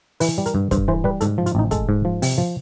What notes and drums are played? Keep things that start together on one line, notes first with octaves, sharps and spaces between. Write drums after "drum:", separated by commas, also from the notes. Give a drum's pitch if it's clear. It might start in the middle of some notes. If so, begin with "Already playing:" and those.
E3 B4, drum: open hi-hat
G3
A#4, drum: hi-hat
G2
G2 C5, drum: kick, hi-hat
E3 C5
G3 B4
G#2 A4, drum: hi-hat
F3
F4, drum: hi-hat
A1 D#4
G#3 A4, drum: kick, hi-hat
G#2
F3
C3, drum: open hi-hat
F3